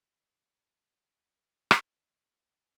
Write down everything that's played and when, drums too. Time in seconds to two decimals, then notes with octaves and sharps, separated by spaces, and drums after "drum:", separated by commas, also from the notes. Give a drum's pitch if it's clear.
0.16 F1 A#1 G2 G#3
0.45 G4 B4 A5
0.80 F#4 G#4 B4 F5
1.27 C4 C#4 F#4
1.71 drum: rim click
1.81 D#4 F5